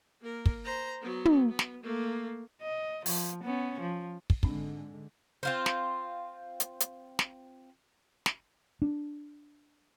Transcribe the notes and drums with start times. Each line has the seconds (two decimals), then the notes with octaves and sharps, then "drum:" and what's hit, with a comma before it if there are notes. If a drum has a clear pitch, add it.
0.22 A#3 A#4
0.46 drum: kick
0.65 C5 A#5
1.01 F#3 B3
1.25 drum: tom
1.49 B3
1.59 drum: snare
1.83 A3 A#3
2.62 D#5
3.06 F3, drum: open hi-hat
3.43 B3 C#4
3.80 F3
4.30 drum: kick
4.43 G#2 D3 G#3 C4 D4, drum: kick
5.43 C4 F4 C5
5.66 drum: snare
6.60 drum: hi-hat
6.80 drum: hi-hat
7.19 drum: snare
8.26 drum: snare
8.82 D4